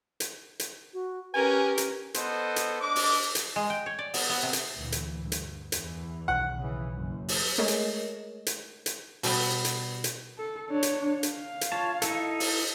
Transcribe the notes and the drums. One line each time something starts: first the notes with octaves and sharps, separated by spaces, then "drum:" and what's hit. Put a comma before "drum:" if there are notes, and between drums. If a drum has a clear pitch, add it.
drum: hi-hat
drum: hi-hat
F#4
C#4 G4 A#4 B4 G#5
drum: hi-hat
B3 A4 C5 D#5, drum: hi-hat
drum: hi-hat
D4 D#5 D6
drum: open hi-hat
drum: hi-hat
G#3
G5
C#5
D5
B3, drum: open hi-hat
B3
C3
drum: hi-hat
D2 A#2 E3
drum: hi-hat
D2 G2
drum: hi-hat
E2 E3, drum: hi-hat
B1 D#3 F#5
C#3 E3
F#1 F#2
drum: open hi-hat
G#3 A3 G#4 A#4 C#5 D#5
drum: hi-hat
drum: hi-hat
drum: hi-hat
B2 G3 B4, drum: open hi-hat
drum: hi-hat
drum: hi-hat
A4
D4 C#5
drum: hi-hat
F5, drum: hi-hat
drum: hi-hat
F4 C#5 A5
D#4 E4 A4, drum: hi-hat
drum: open hi-hat